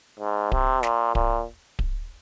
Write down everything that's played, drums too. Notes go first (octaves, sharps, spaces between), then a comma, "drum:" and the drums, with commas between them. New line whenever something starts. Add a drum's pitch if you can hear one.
G#2
C3, drum: kick D1
A#2, drum: snare
A#2, drum: kick D1
drum: kick D1